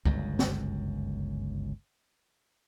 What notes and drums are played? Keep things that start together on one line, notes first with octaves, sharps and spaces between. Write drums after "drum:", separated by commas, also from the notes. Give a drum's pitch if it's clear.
G1 C#2 F#2, drum: kick
drum: snare